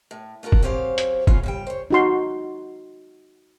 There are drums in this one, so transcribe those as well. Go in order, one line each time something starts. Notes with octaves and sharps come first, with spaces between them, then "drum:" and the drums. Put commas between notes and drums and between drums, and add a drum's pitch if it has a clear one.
A2
A3 F4 F#4 A#4
drum: kick
F#3 C4 C#4 G4 C5 F5
drum: hi-hat
B3 C#4 E4 F4 G#4, drum: kick
C#3 G3 G5
C5 C#5
D#4 F#4 C6